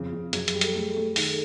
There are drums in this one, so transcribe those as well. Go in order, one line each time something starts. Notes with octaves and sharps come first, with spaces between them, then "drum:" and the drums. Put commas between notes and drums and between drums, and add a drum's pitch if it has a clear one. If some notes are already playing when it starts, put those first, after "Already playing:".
Already playing: F2 C#3 G#4
F2
F#2 G#4, drum: hi-hat
G#4, drum: hi-hat
G3
A4, drum: hi-hat
A3 A4
A3
D#3 G#4, drum: open hi-hat